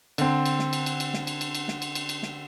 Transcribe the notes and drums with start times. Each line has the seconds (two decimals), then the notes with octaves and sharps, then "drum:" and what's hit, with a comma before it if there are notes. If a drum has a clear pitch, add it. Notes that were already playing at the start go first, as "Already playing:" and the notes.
0.18 D3 C4, drum: cymbal
0.46 drum: cymbal
0.59 drum: snare
0.73 drum: cymbal
0.86 drum: cymbal
1.00 drum: cymbal
1.14 drum: snare
1.27 drum: cymbal
1.41 drum: cymbal
1.55 drum: cymbal
1.68 drum: snare
1.82 drum: cymbal
1.95 drum: cymbal
2.09 drum: cymbal
2.23 drum: snare